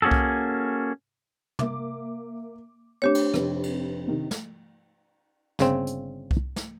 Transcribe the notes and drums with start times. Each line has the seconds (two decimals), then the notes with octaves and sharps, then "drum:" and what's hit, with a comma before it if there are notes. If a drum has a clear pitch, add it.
0.02 A#3 C#4 F#4 G#4 A4
0.11 drum: kick C2
1.59 A#3 E5 D6, drum: tom
3.02 A3 C4 D4 G4 C#5
3.15 drum: cymbal
3.34 F1 C4 B4, drum: rim click
3.63 drum: cymbal
4.07 C3 D#3
4.31 drum: snare
5.59 G1 C#3 C4, drum: snare
5.87 drum: hi-hat
6.31 drum: kick C2
6.56 drum: snare